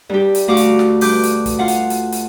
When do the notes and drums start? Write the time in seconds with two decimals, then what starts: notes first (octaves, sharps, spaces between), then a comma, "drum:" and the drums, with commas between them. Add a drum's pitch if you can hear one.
0.09 G2 G4
0.35 drum: hi-hat
0.48 D2 F#4 F5 D6
0.57 drum: hi-hat
0.79 drum: snare
1.01 G2 B4 D6 G6, drum: open hi-hat
1.24 drum: hi-hat
1.46 drum: kick, hi-hat
1.59 F4 F5 F#5
1.68 drum: hi-hat
1.90 drum: hi-hat
2.12 drum: hi-hat